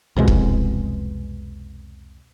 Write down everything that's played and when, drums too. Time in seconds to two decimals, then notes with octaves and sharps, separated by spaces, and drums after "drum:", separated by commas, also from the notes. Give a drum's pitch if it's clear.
0.16 C2 F2 B2 G#3
0.28 drum: kick